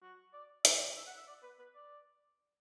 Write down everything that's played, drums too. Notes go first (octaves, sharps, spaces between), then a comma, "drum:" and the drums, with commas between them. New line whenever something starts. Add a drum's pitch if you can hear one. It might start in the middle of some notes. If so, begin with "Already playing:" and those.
F#4
D5
E5, drum: hi-hat
E5
F#5
E5
D5
B4
B4
D5